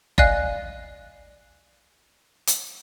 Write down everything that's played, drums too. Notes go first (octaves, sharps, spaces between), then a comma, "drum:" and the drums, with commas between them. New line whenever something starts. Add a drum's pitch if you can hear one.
D5 D#5 F5 G#5 F#6 C7, drum: kick F#1
drum: hi-hat